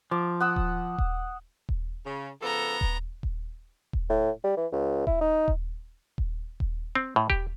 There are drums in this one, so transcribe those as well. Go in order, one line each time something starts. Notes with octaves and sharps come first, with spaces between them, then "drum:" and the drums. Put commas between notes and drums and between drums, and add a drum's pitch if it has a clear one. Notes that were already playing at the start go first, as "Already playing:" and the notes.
F3 D6
F#5 D#6 E6
drum: kick D#1
drum: kick D#1
drum: kick D#1
C#3
C#3 F3 B3 A4 A#5
drum: kick D#1
drum: kick D#1
drum: kick D#1
A2
G3
E3
C#2
E4, drum: kick D#1
D#4
drum: kick D#1
drum: kick D#1
drum: kick D#1
C4
A2
G4, drum: kick D#1